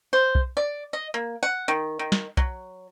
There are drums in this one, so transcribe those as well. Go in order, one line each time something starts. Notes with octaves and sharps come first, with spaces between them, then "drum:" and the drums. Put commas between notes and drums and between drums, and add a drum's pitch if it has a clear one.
C5
drum: kick
D5
D#5
A#3
F#5
D#3
D#3
drum: snare
F#3, drum: kick